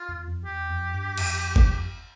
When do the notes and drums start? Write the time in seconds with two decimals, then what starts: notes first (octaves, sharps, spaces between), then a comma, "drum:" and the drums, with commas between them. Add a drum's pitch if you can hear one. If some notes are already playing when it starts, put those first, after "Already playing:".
Already playing: F4
0.09 E2
0.27 F2
0.45 E2 G4
0.69 F2
0.94 G2
1.18 F2, drum: cymbal
1.56 drum: kick G1